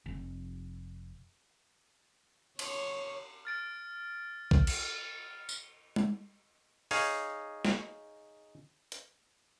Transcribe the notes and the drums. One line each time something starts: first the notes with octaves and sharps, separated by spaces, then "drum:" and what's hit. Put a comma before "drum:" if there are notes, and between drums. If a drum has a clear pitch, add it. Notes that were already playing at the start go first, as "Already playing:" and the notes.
F1
C#5, drum: cymbal
F6 A6 D7
drum: kick A#1
drum: cymbal
drum: tambourine
drum: tom G#3
D#4 G#4 C#5 F5, drum: open hi-hat
drum: snare
drum: hi-hat